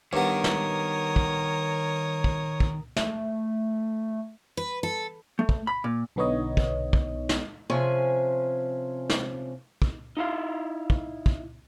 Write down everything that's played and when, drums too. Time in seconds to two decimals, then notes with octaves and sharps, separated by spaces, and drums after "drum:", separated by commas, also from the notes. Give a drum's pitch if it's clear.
0.13 G2 D#3 B3 A#4 C#5 D#6
0.44 drum: snare
1.16 drum: kick
2.24 drum: kick
2.60 drum: kick
2.96 A3, drum: snare
4.57 B4
4.83 A4
5.39 A3
5.49 drum: kick
5.67 B5
5.84 A#2
6.16 B1 D3 B3 D#4 C#5 D#5
6.57 drum: kick
6.93 drum: kick
7.29 drum: snare
7.70 C3 F3 C#4 G#4 G#5
9.10 drum: snare
9.82 drum: kick
10.17 D#4 E4 F5
10.90 drum: kick
11.26 drum: kick